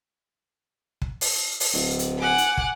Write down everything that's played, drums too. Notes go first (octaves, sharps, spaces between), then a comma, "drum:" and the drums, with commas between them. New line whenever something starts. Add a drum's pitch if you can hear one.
drum: kick
drum: open hi-hat
drum: open hi-hat
D1
drum: hi-hat
F#5 G#5 D6
drum: hi-hat
drum: kick